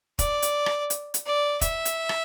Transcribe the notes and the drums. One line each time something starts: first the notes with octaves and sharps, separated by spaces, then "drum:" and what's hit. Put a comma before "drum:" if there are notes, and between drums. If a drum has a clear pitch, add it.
D5, drum: kick E1, hi-hat
drum: hi-hat
drum: rim click
drum: hi-hat
drum: hi-hat
D5
E5, drum: kick E1, hi-hat
drum: hi-hat
drum: rim click